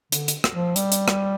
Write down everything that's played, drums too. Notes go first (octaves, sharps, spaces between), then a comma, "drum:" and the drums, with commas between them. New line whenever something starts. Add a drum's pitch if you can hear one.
D3, drum: hi-hat
drum: hi-hat
drum: rim click
F3
G3, drum: hi-hat
drum: hi-hat
drum: rim click